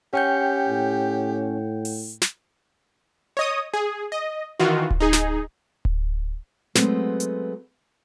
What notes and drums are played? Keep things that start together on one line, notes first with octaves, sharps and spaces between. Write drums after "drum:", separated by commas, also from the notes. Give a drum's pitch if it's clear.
C#4 G4 F#5 G5 G6
A2
drum: open hi-hat
drum: snare
C#5 D#5 D#6
G#4
D#5
D#3 E3 F4 F#4
drum: kick D1
D#4 G#4
drum: snare
drum: kick D1
F#3 G#3 A3 B3 C4, drum: snare
drum: hi-hat